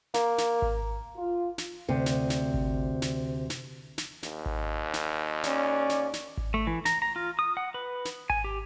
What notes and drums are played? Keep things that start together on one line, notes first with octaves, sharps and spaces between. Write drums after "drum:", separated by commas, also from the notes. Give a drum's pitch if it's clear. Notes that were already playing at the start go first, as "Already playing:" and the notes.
A#3, drum: snare
drum: snare
drum: kick G#1
F4
drum: snare
D2 C3
drum: snare
drum: snare
drum: kick G#1
drum: snare
drum: snare
drum: snare
D#2, drum: snare
drum: kick G#1
drum: snare
C#4 D5, drum: snare
drum: snare
drum: snare
drum: kick G#1
A3
E3
A#5, drum: snare
A#5
F4
D#6
F#5
B4
drum: snare
G#5, drum: kick G#1
G4